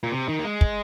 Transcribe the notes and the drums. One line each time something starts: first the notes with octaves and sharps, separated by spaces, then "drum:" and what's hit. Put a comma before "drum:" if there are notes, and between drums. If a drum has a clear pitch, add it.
A#2
C3
D#3
A#3
G#3
drum: kick